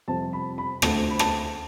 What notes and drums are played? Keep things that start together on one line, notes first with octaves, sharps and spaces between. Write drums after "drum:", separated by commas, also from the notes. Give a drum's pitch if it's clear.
F2 C3 G3 C4 A5
B5
B5
D2 D3 A3 C4 A5, drum: rim click
B5
A5, drum: rim click